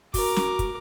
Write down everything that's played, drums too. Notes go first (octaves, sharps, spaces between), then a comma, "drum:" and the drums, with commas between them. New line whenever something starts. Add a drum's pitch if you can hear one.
F#4 A#4 D6, drum: kick, open hi-hat
drum: snare
drum: kick, hi-hat